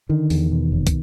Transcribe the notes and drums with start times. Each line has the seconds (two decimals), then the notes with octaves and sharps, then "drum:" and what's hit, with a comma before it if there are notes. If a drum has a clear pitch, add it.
0.09 D3 D#3
0.30 E2, drum: open hi-hat
0.52 B2
0.72 F1
0.87 drum: kick, hi-hat